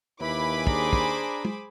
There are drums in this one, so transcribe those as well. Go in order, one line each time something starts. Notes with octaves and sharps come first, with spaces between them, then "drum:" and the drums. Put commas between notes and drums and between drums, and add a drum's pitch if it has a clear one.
D#2 E4 B4 G#5 B5 D6
D4 G#4 C5 A#5, drum: kick
drum: kick
drum: tom